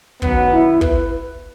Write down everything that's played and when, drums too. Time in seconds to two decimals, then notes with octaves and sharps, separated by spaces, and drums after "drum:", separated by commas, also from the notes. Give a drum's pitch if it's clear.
0.22 F#2 D#3 F#3 B3, drum: kick
0.52 E4
0.81 B4, drum: kick